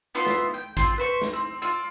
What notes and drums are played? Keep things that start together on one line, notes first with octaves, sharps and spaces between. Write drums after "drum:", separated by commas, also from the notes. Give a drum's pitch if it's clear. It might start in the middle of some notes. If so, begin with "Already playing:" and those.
B3 F4 C5 E5
drum: snare
G5
C4 F4, drum: kick, hi-hat
B4 C5 C#6
drum: snare
C4
F4 D5 E6